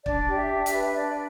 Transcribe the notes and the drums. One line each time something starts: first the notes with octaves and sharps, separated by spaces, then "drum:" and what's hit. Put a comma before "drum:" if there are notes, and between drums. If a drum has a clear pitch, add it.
D4 D5, drum: kick
G4
E5
D4
E5, drum: hi-hat
B4
E5
D4 D5